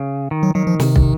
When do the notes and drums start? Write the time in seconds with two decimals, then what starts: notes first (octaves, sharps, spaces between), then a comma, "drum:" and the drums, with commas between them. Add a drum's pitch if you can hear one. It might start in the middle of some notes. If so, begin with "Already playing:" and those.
Already playing: C#3
0.31 D#3
0.43 F#3
0.55 D#3 F#3
0.67 F3
0.80 C3, drum: snare
0.96 drum: kick